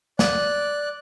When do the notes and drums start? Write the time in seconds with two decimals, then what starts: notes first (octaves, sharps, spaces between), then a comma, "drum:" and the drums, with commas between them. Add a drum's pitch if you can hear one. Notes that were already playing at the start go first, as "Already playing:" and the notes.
0.19 D5 F#6, drum: snare